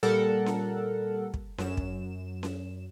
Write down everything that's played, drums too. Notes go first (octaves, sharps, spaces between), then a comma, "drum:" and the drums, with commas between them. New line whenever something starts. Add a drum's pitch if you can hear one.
A#2 G3 A4 A#4 F#5
drum: snare C#4
drum: kick
F#2 E7, drum: snare C#4
drum: kick
drum: snare C#4